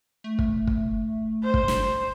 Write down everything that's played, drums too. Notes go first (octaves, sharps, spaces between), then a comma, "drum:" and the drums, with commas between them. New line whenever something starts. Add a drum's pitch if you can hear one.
A3
drum: kick
drum: kick
C5
drum: kick
drum: snare